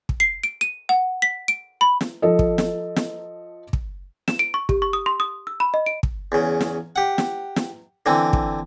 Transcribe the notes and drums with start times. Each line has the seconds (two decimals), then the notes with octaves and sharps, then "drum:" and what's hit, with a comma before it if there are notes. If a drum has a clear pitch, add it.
0.09 drum: kick
0.20 C7
0.44 D7
0.61 D#7
0.89 F#5
1.22 B6
1.48 D7
1.81 B5
2.01 drum: snare
2.22 F3 A4 D#5
2.39 drum: kick
2.58 drum: snare
2.96 drum: snare
3.73 drum: kick
4.28 E7, drum: snare
4.39 D7
4.54 C#6
4.69 G4, drum: kick
4.82 C#6
4.93 D#6
5.06 C6
5.20 D#6
5.47 E6
5.60 B5
5.74 D#5
5.86 D7
6.03 drum: kick
6.32 E2 C#3
6.61 drum: snare
6.96 G4 F#5
7.18 drum: snare
7.56 drum: snare
8.06 D3 E3 C4
8.33 drum: kick